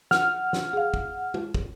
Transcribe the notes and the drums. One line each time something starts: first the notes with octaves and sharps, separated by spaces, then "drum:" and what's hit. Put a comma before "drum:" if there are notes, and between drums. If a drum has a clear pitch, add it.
F#5 F6, drum: snare
drum: snare
G#4 F5
drum: kick
drum: tom
drum: kick